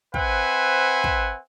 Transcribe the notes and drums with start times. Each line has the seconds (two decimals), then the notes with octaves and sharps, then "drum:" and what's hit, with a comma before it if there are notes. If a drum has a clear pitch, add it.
0.14 C4 B4 C5 E5 F#5 G#5, drum: kick
1.04 drum: kick